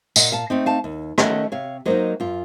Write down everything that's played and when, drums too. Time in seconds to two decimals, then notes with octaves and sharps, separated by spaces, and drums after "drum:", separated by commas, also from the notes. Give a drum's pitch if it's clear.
0.16 A#2 D#5 F#5, drum: tambourine
0.32 F5 A5
0.50 A3 C4 D#4
0.66 F5 A5
0.84 D#2
1.18 D#3 A3 C#4 D#5 F#5, drum: rim click
1.52 C3 C#5 F5
1.86 F#3 A#3 D#4 C5 D#5
2.20 F#2 F4